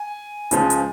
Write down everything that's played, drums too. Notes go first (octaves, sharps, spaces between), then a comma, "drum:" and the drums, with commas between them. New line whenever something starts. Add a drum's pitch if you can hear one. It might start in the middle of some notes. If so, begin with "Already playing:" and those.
Already playing: G#5
C#2 C#3 F3, drum: hi-hat
drum: hi-hat